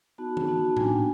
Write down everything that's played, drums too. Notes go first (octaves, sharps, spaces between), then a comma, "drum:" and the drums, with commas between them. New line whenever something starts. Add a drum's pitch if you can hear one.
B3 D#4 F#4 A5
drum: tom E3
B3 D#4 F#4 A5
A#3 D4 F4 G#5, drum: tom A2
G5